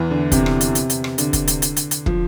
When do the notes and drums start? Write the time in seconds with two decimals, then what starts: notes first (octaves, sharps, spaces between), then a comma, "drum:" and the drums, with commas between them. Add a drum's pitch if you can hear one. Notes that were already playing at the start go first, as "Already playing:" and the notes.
Already playing: E2 E3
0.10 D3
0.32 C3, drum: kick, hi-hat
0.46 drum: rim click
0.61 drum: hi-hat
0.75 drum: hi-hat
0.90 drum: hi-hat
1.04 drum: rim click
1.18 D3, drum: hi-hat
1.33 drum: kick, hi-hat
1.48 drum: hi-hat
1.62 drum: hi-hat
1.76 drum: hi-hat
1.91 drum: hi-hat
2.06 F3, drum: kick